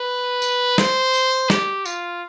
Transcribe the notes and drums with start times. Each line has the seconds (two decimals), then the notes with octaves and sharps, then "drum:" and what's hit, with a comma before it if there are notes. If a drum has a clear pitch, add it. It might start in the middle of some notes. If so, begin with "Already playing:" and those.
Already playing: B4
0.42 drum: tambourine
0.78 C5, drum: snare
1.14 drum: tambourine
1.50 G4, drum: snare
1.85 F4, drum: tambourine